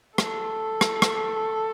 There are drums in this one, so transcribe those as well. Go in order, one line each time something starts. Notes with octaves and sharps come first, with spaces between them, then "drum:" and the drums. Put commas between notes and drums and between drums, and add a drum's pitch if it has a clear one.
A4, drum: rim click
drum: rim click
drum: rim click